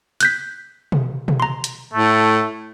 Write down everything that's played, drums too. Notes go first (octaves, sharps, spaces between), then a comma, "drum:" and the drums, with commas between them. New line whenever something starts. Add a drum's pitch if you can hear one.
F#6 G6 B6, drum: hi-hat
drum: tom B2
drum: tom B2
A#5 C6
drum: hi-hat
A2 A3